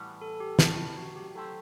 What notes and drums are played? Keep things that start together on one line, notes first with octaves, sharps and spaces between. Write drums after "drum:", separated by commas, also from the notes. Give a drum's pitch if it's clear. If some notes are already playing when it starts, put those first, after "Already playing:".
Already playing: A2 E3 G3 B3 F#4
A4
G4
A2 F#3 A3 D4 E4, drum: snare
F#4
G4
F#3 A3 E4 G4 A4 C5